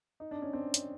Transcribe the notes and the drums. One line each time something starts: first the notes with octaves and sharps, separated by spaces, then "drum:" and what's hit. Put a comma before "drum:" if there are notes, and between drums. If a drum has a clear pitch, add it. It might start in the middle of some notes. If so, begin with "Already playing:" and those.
D#4
D4
C#4
C4 D4
drum: hi-hat